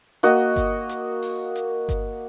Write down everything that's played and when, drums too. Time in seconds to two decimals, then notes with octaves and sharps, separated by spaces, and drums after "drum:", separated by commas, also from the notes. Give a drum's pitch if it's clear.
0.23 A#3 F#4 D#5, drum: hi-hat
0.56 drum: kick G1, hi-hat
0.89 drum: hi-hat
1.22 drum: open hi-hat
1.55 drum: hi-hat
1.89 drum: kick G1, hi-hat